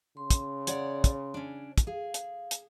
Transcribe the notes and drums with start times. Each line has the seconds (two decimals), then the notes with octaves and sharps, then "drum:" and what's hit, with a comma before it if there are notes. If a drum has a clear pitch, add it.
0.17 C#3 C6
0.30 drum: kick, hi-hat
0.67 C#5 D5 F#5, drum: hi-hat
1.04 drum: kick, hi-hat
1.34 C#4 D4
1.78 drum: kick, hi-hat
1.87 G#4 F5
2.14 drum: hi-hat
2.51 drum: hi-hat